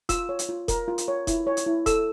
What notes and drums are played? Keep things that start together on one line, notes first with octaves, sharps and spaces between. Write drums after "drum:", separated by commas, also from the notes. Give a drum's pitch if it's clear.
F4 E6, drum: kick E1, hi-hat
C#5
drum: hi-hat
F4
A#4, drum: kick E1, hi-hat
F4
drum: hi-hat
C#5
E4, drum: kick E1, hi-hat
C#5
drum: hi-hat
E4
A4 E6, drum: kick E1, hi-hat